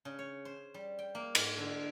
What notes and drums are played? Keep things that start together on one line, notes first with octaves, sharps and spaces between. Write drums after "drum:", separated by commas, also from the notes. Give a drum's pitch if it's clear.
C#3
C#5
C5
G3
G5
A#3
G#2, drum: cymbal
D3